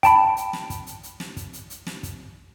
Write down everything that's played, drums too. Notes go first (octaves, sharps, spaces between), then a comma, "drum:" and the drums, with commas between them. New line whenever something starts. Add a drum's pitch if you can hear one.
G5 A5 B5, drum: kick, hi-hat
drum: hi-hat
drum: snare
drum: kick, hi-hat
drum: hi-hat
drum: hi-hat
drum: snare
drum: kick, hi-hat
drum: hi-hat
drum: hi-hat
drum: snare
drum: kick, hi-hat